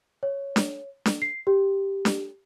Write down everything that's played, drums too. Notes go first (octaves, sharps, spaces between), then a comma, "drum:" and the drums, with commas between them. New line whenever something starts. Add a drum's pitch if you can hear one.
C#5
drum: snare D4
drum: snare D4
C7
G4
drum: snare D4